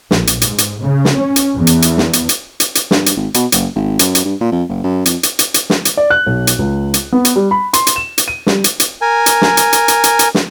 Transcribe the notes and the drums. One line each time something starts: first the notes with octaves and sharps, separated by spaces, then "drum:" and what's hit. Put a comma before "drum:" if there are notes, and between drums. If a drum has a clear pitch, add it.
A#1, drum: snare
drum: hi-hat
G#2, drum: hi-hat
drum: hi-hat
C#3
drum: snare
C#4
drum: hi-hat
E2
drum: hi-hat
drum: hi-hat
drum: snare
drum: hi-hat
drum: hi-hat
drum: hi-hat
drum: hi-hat
G2, drum: snare
drum: hi-hat
G#1
B2, drum: hi-hat
F#1, drum: hi-hat
G#1
F#2, drum: hi-hat
drum: hi-hat
G2
A#2
F2
F#1
F#2
F2, drum: hi-hat
drum: hi-hat
drum: hi-hat
drum: hi-hat
drum: snare
drum: hi-hat
D5
F#6
B1
drum: hi-hat
C#2
drum: hi-hat
B3
drum: hi-hat
G3
B5
C6, drum: hi-hat
drum: hi-hat
E7
drum: hi-hat
D#7
G3, drum: snare
drum: hi-hat
drum: hi-hat
A#4 G#5
drum: hi-hat
drum: snare
drum: hi-hat
drum: hi-hat
drum: hi-hat
drum: hi-hat
drum: hi-hat
drum: snare